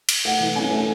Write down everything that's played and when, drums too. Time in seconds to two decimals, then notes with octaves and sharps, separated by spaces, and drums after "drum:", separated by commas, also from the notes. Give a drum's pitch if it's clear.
0.09 drum: cymbal
0.25 A3 F#5
0.40 E3
0.56 C#4 G#5
0.71 A3